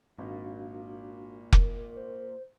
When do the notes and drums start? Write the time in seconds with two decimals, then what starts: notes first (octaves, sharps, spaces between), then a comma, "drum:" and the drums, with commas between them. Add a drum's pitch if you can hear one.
0.18 G#1 A#2 D4 F#4 F5
1.52 A#4, drum: kick F1
1.96 C5